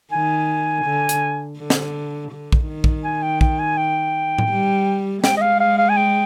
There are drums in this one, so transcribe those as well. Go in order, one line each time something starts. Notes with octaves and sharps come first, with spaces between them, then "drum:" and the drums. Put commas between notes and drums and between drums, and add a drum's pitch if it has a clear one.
D#3 G#5
D3
drum: hi-hat
D3
drum: snare
D3
drum: kick A#1
D#3
drum: kick A#1
G#5
G5
G5, drum: kick A#1
G#5
G5
drum: tom A2
G3
G#3 G5, drum: snare
D#5
F5
F5
F5
G#5
G5